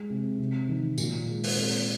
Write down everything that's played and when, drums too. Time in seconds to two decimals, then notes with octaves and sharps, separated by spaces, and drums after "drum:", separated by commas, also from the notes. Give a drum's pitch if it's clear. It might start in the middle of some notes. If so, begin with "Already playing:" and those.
Already playing: G#3
0.10 C3
0.39 C3
0.68 D#3
0.98 A#2, drum: tambourine
1.26 G#3
1.44 drum: open hi-hat
1.56 C4